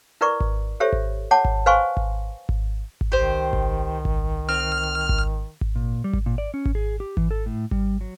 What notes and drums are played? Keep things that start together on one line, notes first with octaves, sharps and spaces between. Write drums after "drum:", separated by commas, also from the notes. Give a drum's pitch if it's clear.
E4 A#4 B4 D5 C#6 D6
drum: kick G#1
G4 A4 C5 C#5 E5
drum: kick G#1
C#5 F#5 A5 D6
drum: kick G#1
B4 C5 F5 G#5 C6 C#6
drum: kick G#1
drum: kick G#1
drum: kick G#1
C2 D#3 G4 C5
drum: kick G#1
drum: kick G#1
C4 F6
drum: kick G#1
drum: kick G#1
A#2
G3
drum: kick G#1
A#2
D5
C#4
drum: kick G#1
G#4
G4
E3, drum: kick G#1
A4
A2
G3, drum: kick G#1
F#3